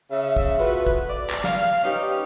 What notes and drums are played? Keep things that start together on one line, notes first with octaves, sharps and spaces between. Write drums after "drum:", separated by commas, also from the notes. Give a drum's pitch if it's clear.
C#3 E5
drum: kick
A3 F4 F#4 B4
drum: kick
D5
drum: clap
F5, drum: snare
B3 C#4 D#4 G4